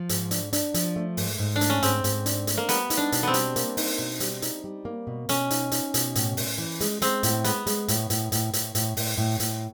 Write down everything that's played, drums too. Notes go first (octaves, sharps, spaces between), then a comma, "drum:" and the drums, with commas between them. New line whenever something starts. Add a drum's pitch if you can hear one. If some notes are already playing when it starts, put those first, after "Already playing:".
Already playing: F3
G#2, drum: hi-hat
D4, drum: hi-hat
D4, drum: hi-hat
F3, drum: hi-hat
A3
G#2, drum: open hi-hat
G#2
D4
A3, drum: hi-hat
C#4
G#2 C4, drum: hi-hat
G#2, drum: hi-hat
D4, drum: hi-hat
A3, drum: hi-hat
A#3
G3 B3, drum: hi-hat
D#4, drum: hi-hat
D4
B2, drum: hi-hat
B3 C4
G3, drum: hi-hat
A#3, drum: hi-hat
D#4, drum: open hi-hat
B2
G3, drum: hi-hat
D#4, drum: hi-hat
G3
A#3
B2
B2 C#4, drum: hi-hat
D#4, drum: hi-hat
D#4, drum: hi-hat
B2, drum: hi-hat
A2, drum: hi-hat
A2, drum: open hi-hat
E3
G#3, drum: hi-hat
G#3 C4, drum: hi-hat
A2, drum: hi-hat
G#3 B3, drum: hi-hat
G#3, drum: hi-hat
A2, drum: hi-hat
A2, drum: hi-hat
A2, drum: hi-hat
A2, drum: hi-hat
A2, drum: hi-hat
A2, drum: open hi-hat
A2
A2, drum: hi-hat